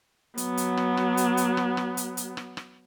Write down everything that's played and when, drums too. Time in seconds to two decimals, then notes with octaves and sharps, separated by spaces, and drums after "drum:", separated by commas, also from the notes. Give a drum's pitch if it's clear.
0.38 F#3 B3, drum: hi-hat
0.57 drum: hi-hat
0.77 drum: rim click
0.97 drum: rim click
1.17 drum: hi-hat
1.37 drum: hi-hat
1.57 drum: rim click
1.77 drum: rim click
1.97 drum: hi-hat
2.17 drum: hi-hat
2.37 drum: rim click
2.57 drum: rim click